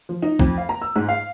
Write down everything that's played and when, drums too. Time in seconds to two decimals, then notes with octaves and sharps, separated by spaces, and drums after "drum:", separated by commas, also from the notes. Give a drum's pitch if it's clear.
0.09 F3
0.22 D#4
0.39 F2, drum: kick
0.58 F5
0.69 A#5
0.82 E6
0.96 G#2
1.08 F5